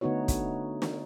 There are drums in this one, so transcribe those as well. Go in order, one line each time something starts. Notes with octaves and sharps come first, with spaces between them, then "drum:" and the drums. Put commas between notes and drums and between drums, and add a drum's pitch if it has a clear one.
D3 A3 B3 D#4 F#4 C#5
drum: kick, hi-hat
drum: snare